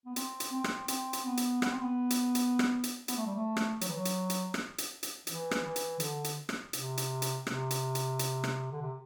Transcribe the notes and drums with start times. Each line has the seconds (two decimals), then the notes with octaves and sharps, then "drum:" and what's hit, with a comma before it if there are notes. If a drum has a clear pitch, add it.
0.06 B3
0.16 C4, drum: hi-hat
0.40 drum: hi-hat
0.52 C4
0.64 drum: rim click
0.88 C4, drum: hi-hat
1.13 drum: hi-hat
1.25 B3
1.37 drum: hi-hat
1.62 B3, drum: rim click
1.71 C4
1.80 B3
2.10 drum: hi-hat
2.35 drum: hi-hat
2.59 drum: rim click
2.83 drum: hi-hat
3.08 B3, drum: hi-hat
3.17 A3
3.26 G3
3.36 A3
3.57 drum: rim click
3.81 F#3, drum: hi-hat
3.89 E3
3.96 F#3
4.05 drum: hi-hat
4.30 drum: hi-hat
4.54 drum: rim click
4.78 drum: hi-hat
5.03 drum: hi-hat
5.27 E3, drum: hi-hat
5.51 drum: rim click
5.63 E3
5.76 drum: hi-hat
6.00 D3, drum: hi-hat
6.24 drum: hi-hat
6.49 drum: rim click
6.73 C3, drum: hi-hat
6.97 drum: hi-hat
7.22 drum: hi-hat
7.47 C3, drum: rim click
7.71 drum: hi-hat
7.95 drum: hi-hat
8.19 drum: hi-hat
8.44 drum: rim click
8.72 D3
8.82 C3